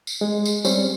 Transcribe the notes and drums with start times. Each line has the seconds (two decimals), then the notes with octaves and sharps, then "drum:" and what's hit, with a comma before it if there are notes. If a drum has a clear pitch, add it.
0.07 drum: tambourine
0.21 G#3
0.45 drum: tambourine
0.65 G3 C4 C#4, drum: tambourine